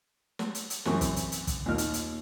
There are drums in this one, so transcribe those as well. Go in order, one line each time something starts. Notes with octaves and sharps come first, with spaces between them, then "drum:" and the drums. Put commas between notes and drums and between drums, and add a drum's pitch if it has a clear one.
drum: snare
drum: hi-hat
drum: hi-hat
F#2 E3 C4 C#6, drum: snare
drum: kick, hi-hat
drum: hi-hat
drum: hi-hat
drum: kick, hi-hat
D#2 A#2 D#4 F6
drum: hi-hat
drum: hi-hat